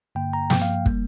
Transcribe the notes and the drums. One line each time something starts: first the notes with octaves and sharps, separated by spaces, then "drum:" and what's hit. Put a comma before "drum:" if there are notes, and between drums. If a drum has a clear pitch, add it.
G2 D3 A#3 G5
A#5
G2 F3 A#3 G5, drum: snare
F5
G3 A#3, drum: kick